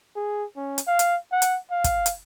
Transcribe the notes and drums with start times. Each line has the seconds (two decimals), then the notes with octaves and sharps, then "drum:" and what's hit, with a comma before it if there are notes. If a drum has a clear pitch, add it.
0.16 G#4
0.56 C#4
0.78 drum: hi-hat
0.87 F5
0.99 drum: hi-hat
1.32 F#5
1.42 drum: hi-hat
1.71 F5
1.84 drum: kick, hi-hat
2.06 drum: hi-hat